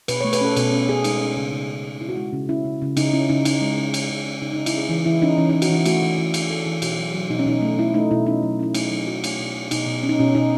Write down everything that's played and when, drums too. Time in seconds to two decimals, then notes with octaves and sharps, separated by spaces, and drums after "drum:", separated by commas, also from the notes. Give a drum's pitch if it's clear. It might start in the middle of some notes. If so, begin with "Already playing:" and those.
0.08 B2 B4, drum: cymbal
0.20 A3 C#5
0.33 B4, drum: cymbal
0.41 C#4 A4
0.56 B2 A4, drum: cymbal
0.72 C#4
0.89 C#4 G#4
1.04 G#3 D#4, drum: cymbal
1.21 C#4
1.37 C#3
1.52 C#3 D#4
1.69 C#4
1.85 C#3
2.01 C#4 E4
2.09 F#4
2.15 G#3 E4
2.33 C#3
2.49 C#4 E4
2.65 C#3
2.82 C#3
2.97 C#3 D#4, drum: cymbal
3.13 C#4 E4
3.29 C#3 D#4
3.45 C#3 D#4, drum: cymbal
3.61 G#3
3.78 C#3
3.94 C#4, drum: cymbal
4.09 C#3
4.25 C#4
4.42 C#3 D#4
4.53 C#3 D#4
4.66 E4, drum: cymbal
4.74 C#4 G#4
4.89 E3
5.05 E3 E4
5.22 C#4 D#4
5.38 E3 C#4
5.49 C#4 D#4
5.62 F#4, drum: cymbal
5.70 E3 E4
5.85 A3 F#4, drum: cymbal
6.02 E3
6.18 E3
6.34 C#4 G#4, drum: cymbal
6.50 A3 A4
6.66 E3 G#4
6.82 B2 F#4, drum: cymbal
6.99 F#3
7.14 F#3
7.30 B2 D#4
7.39 C#4
7.46 B2 D#4
7.62 A3
7.79 A3 E4
7.94 A3 D#4
8.11 B2 E4
8.26 C#4 D#4
8.43 F#3
8.59 C#4 E4
8.74 A3 D#4, drum: cymbal
8.91 F#3 D#4
9.07 F#3 F#4
9.24 A3, drum: cymbal
9.40 B2
9.55 A3
9.71 B2 D#4, drum: cymbal
9.87 B2
10.03 C#4
10.09 D#4
10.19 B2 C#4
10.35 B2 D#4